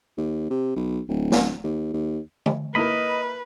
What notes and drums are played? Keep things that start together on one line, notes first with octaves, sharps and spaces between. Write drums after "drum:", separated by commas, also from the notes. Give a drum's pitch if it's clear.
D#2
C3
B1
D1
drum: snare
D#2
D#2
drum: tom D3
A#3 E4 A#4 B4 D#5 B5